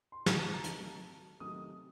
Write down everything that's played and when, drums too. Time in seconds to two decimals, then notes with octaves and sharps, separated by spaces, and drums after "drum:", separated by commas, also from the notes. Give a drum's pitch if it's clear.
0.12 C6
0.26 drum: snare
0.38 A5
0.54 A#5
0.64 C3 D#3 F#3 A3 A5, drum: hi-hat
1.40 C3 D#3 F#3 A3 D#6